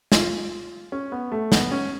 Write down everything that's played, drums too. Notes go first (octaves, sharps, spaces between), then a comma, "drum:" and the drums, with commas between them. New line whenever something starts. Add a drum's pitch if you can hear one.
F4, drum: snare
C#4
B3
A3
B3, drum: snare
C#4